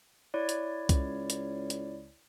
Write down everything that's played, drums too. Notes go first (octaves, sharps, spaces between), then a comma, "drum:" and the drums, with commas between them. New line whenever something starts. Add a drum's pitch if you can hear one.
E4 C#5 D5
drum: hi-hat
C#2, drum: kick C2, hi-hat
drum: hi-hat
drum: hi-hat